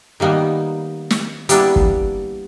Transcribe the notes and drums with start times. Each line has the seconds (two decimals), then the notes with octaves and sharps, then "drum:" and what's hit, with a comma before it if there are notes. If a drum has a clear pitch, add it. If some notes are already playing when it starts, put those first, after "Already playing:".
0.20 D#3 G3 A#3 B3 D#4
1.10 drum: snare
1.49 G3 A#3 B3 D4 E4, drum: hi-hat
1.76 drum: kick